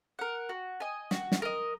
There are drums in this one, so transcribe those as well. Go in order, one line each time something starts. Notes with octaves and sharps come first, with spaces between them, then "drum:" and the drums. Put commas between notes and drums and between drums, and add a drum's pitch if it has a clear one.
A#4 F#5
F#4
D#5 G#5
F#4, drum: snare
drum: snare
A#4 D#5